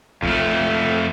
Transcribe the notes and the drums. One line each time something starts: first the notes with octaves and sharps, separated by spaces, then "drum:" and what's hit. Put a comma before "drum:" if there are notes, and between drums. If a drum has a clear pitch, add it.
F2 A3, drum: kick A#1